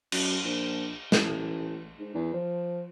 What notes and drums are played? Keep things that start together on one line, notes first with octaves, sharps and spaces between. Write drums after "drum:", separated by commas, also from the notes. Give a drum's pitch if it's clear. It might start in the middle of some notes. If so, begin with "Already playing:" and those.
F#2, drum: cymbal
A#1
A1, drum: snare
G#2
E2
F3